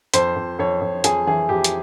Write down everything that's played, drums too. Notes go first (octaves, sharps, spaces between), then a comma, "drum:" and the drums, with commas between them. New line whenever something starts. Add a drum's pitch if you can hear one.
F2 C5, drum: hi-hat
F2
F2 C#5
F2
F2 G#4, drum: hi-hat
E3 G#4
F2 G4
drum: hi-hat